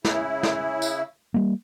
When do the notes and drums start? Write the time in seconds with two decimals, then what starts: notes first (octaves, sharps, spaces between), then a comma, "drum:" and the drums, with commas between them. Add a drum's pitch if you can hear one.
0.05 C#3 E4, drum: snare
0.43 drum: snare
0.82 drum: tambourine
1.34 G3 A#3